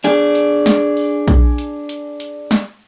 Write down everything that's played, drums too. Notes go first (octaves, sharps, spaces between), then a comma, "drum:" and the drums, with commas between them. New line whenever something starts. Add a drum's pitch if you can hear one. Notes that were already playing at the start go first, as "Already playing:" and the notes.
D4 G#4, drum: hi-hat
drum: hi-hat
drum: snare
drum: open hi-hat
drum: kick A#1, hi-hat
drum: hi-hat
drum: hi-hat
drum: hi-hat
drum: snare